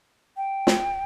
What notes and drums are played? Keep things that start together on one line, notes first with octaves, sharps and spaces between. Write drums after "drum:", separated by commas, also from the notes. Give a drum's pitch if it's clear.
G5
drum: snare